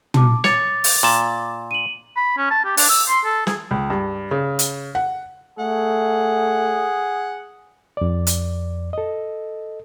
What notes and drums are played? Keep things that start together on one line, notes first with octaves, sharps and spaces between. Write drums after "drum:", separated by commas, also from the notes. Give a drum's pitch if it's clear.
A5 D6, drum: tom
C#5 D6 A6, drum: snare
drum: open hi-hat
A#2 A5
D#7 F#7
B5
C#4
A5
G4
D4, drum: open hi-hat
E6
C6
A4
G#4, drum: snare
C#2
G2
C#3
drum: hi-hat
F#5
A3 G#4 F#5
F2 D5
drum: hi-hat
A4 D#5